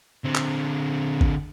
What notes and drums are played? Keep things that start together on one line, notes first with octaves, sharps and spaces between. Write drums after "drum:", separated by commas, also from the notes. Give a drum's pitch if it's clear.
D3 C4
drum: clap
drum: kick G#1